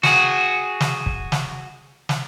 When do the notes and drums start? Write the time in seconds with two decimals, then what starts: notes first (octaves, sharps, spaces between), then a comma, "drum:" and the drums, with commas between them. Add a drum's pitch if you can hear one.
0.03 F#4 G#4, drum: snare
0.80 drum: snare
1.06 drum: kick
1.32 drum: snare
2.09 drum: snare